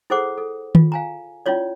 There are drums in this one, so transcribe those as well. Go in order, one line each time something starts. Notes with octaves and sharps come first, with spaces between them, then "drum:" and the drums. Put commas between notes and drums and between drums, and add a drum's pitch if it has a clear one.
E4 G#4 A4 C5 F#5 D6
A4
F4, drum: tom D#3
F5 G#5 A#5
C#4 E4 F4 C#5 D5